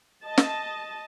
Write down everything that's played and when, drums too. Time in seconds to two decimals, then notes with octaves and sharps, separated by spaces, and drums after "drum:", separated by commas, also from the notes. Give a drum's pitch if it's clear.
0.23 D#5 A5
0.38 drum: snare